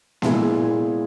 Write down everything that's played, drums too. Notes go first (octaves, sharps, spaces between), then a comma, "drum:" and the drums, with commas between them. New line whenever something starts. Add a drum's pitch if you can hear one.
A#2 G#3 B3 E4, drum: snare A#3